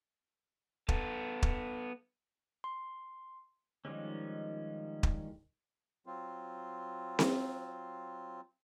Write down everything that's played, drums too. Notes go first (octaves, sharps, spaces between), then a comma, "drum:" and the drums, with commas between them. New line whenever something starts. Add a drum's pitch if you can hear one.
B3 A4, drum: kick
drum: kick
C6
D#3 F3 G3 G#3 C#4
drum: kick
F#3 C4 F4
drum: snare C4